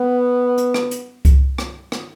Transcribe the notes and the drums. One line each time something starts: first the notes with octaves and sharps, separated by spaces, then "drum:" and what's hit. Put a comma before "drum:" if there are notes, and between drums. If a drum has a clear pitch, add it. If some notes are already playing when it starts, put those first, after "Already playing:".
Already playing: B3
drum: hi-hat
drum: rim click
drum: hi-hat
drum: kick C2, hi-hat
drum: rim click
drum: rim click